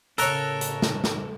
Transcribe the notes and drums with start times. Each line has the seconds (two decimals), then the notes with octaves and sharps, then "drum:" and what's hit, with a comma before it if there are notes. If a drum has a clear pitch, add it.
0.18 A2 C#3 A4 A#4 C#5 E6 F#6, drum: hi-hat
0.61 drum: hi-hat
0.82 drum: snare
1.04 drum: snare